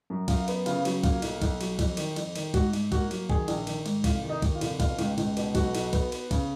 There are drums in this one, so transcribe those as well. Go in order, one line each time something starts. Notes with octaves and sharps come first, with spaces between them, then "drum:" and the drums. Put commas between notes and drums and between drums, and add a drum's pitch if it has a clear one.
F#2
F#2 F4, drum: kick, cymbal
B3, drum: cymbal
C#3 F4, drum: cymbal
F#3, drum: cymbal
A#3 F4, drum: kick, cymbal
B1, drum: cymbal
B1, drum: kick, cymbal
F#3, drum: cymbal
F2, drum: kick, cymbal
D#3, drum: cymbal
F2, drum: cymbal
D#3, drum: cymbal
G#2 F#4, drum: kick, cymbal
G#2, drum: cymbal
A#3 F#4, drum: kick, cymbal
F#3, drum: cymbal
D#3 G#4, drum: kick
A#1, drum: cymbal
D#3, drum: cymbal
G#2, drum: cymbal
F1 F4, drum: kick, cymbal
D#2
D#4
D#2, drum: kick, cymbal
F4
F1, drum: cymbal
B2 F4, drum: kick, cymbal
C#2, drum: cymbal
C#2, drum: cymbal
B2, drum: cymbal
B1 F#4, drum: kick, cymbal
B1, drum: cymbal
B3, drum: kick, cymbal
B3, drum: cymbal
C#3, drum: kick, cymbal